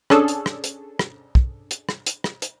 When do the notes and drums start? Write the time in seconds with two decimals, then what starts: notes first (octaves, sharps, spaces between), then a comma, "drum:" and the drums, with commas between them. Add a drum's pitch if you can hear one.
0.10 C#4 D4 G#4 A4, drum: rim click
0.28 drum: hi-hat
0.46 drum: rim click
0.64 drum: hi-hat
0.99 drum: rim click
1.35 drum: kick
1.71 drum: hi-hat
1.89 drum: rim click
2.06 drum: hi-hat
2.24 drum: rim click
2.42 drum: hi-hat